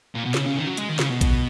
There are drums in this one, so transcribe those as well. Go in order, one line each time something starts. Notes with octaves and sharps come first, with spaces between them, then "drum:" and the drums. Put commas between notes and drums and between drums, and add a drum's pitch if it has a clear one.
A#2
B2
C#3, drum: snare
C#3
D#3
F#3
G#3, drum: hi-hat
D#3
C#3, drum: snare
B2
drum: kick A#1, hi-hat